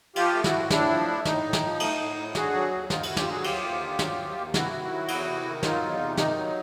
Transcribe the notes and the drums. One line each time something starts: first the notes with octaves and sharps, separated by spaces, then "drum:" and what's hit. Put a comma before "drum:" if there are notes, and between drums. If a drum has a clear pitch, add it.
F3 F4 G4, drum: cymbal
A3
E4 F#4, drum: snare
A2
A2 D4 E4, drum: snare
F3
A3
A2 D#4, drum: snare
A2
drum: snare
F3
A3, drum: cymbal
A2
A2
D3 F#4 G#4, drum: snare
F#3
D#2
D#2 D#4 F4, drum: snare
D3 E4 F#4, drum: cymbal
F4 G4, drum: snare
F#3 F#4 G#4
F#4
D#2 F4 G4, drum: cymbal
D#2
D3
F#3, drum: snare
D#2
D#2
C3 E4 F#4, drum: snare
D#3
F#3
E2, drum: cymbal
C3
D#3
F#3 D#4 F4, drum: snare
E2
C3
D#3 D#4, drum: snare
F#3